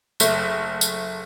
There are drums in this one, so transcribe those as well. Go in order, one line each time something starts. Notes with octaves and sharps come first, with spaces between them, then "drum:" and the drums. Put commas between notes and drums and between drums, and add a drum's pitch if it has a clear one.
F#1 A3, drum: tambourine
drum: tambourine